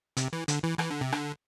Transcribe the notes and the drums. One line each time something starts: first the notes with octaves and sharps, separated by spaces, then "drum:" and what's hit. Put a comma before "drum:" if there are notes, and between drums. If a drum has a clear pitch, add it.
C3, drum: hi-hat
E3
D3, drum: hi-hat
E3
E3, drum: rim click
D3
C3
D3, drum: rim click